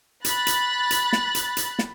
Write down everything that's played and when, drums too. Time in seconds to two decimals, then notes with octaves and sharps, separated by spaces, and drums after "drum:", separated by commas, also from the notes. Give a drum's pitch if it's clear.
0.25 B5 F#6 A6, drum: hi-hat
0.47 drum: hi-hat
0.91 drum: hi-hat
1.13 drum: snare
1.35 drum: hi-hat
1.57 drum: hi-hat
1.79 drum: snare